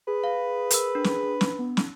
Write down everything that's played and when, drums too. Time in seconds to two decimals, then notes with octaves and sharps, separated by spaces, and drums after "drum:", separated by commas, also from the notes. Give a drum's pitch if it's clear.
0.07 G#4 B4
0.24 F5
0.71 A#4 E6, drum: hi-hat
0.95 D4
1.04 drum: snare
1.41 drum: snare
1.59 B3
1.77 drum: snare